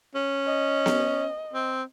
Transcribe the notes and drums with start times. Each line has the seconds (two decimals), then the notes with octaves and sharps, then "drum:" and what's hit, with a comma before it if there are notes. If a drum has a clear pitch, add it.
0.15 C#4
0.47 D#5
0.86 drum: snare B3
1.53 C4